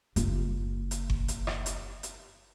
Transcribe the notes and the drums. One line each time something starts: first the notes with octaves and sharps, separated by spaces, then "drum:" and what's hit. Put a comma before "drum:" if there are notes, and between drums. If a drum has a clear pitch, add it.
F#1 F4, drum: hi-hat
drum: hi-hat
drum: kick G1
drum: hi-hat
drum: rim click
drum: hi-hat
drum: hi-hat